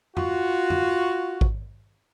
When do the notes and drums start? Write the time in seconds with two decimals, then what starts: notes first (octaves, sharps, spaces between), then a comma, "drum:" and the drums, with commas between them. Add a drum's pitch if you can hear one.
0.17 F4 F#4, drum: tom F2
0.70 drum: tom F2
1.41 drum: kick A1